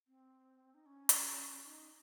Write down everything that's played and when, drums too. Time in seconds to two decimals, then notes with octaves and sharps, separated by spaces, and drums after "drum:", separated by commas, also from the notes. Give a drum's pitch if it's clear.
0.07 C4
0.74 D#4
0.86 C#4
1.09 drum: hi-hat
1.64 D#4